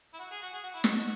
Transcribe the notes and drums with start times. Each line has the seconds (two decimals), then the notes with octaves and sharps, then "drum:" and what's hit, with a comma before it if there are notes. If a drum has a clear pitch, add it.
0.13 E4
0.19 F#4
0.31 G#4
0.42 F#4
0.53 G#4
0.64 F#4
0.74 E4
0.84 D4 F#4, drum: snare